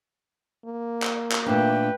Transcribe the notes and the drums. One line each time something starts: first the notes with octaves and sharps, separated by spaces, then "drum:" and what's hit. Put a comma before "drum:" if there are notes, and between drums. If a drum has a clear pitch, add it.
A#3
drum: clap
drum: clap
A#2 A3 D4 B4 G5